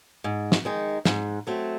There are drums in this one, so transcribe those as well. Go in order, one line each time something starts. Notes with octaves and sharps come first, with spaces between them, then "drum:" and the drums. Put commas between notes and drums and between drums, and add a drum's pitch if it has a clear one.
G#2
drum: snare
D#3 G#3 D#4
G#2, drum: snare
F#3 A3 C4